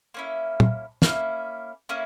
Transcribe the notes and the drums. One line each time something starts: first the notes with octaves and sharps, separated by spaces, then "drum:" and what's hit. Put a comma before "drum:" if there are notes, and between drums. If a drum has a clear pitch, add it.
A#3 C#4 E4
drum: tom
A#3 C#4 E4, drum: snare
A#3 C#4 E4